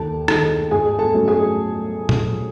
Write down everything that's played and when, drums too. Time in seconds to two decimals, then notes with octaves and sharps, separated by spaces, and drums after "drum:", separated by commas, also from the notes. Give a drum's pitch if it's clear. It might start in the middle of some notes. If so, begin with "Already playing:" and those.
Already playing: D#2 A4 A5
0.28 D#3 G#3 D#4 A4 A5, drum: rim click
0.71 G#2 G#4 G#5
0.99 A4 A5
1.14 F#3 A3 C#4
1.28 G#4 G#5
2.09 drum: tom A#2